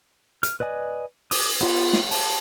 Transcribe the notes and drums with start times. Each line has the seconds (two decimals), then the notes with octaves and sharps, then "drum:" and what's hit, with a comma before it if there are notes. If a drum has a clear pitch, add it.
0.43 F6, drum: hi-hat
0.60 B4 D5 D#5 G#5
1.31 D6 D#6, drum: open hi-hat
1.61 B3 F4, drum: cymbal
1.93 drum: snare
2.11 A5, drum: open hi-hat